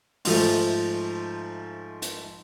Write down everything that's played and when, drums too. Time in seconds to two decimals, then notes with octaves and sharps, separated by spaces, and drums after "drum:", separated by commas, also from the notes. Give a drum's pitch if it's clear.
0.25 G#2 F3 A3, drum: open hi-hat
2.02 drum: hi-hat